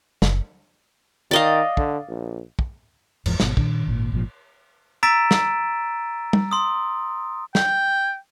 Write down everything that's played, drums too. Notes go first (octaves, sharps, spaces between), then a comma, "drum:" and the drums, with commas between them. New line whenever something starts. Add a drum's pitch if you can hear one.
F#1, drum: snare
D#3 D5 D#5 F5
D3, drum: kick
A#1
drum: kick
F#1 E2 G#2 F3, drum: cymbal
G#1 B2, drum: snare
A#2 D#3 D4, drum: kick
G#1 A#2
G#1 A#2 F3
A#5 E6 A6 B6 D7 E7
drum: snare
drum: tom
C6 D#6
G5, drum: snare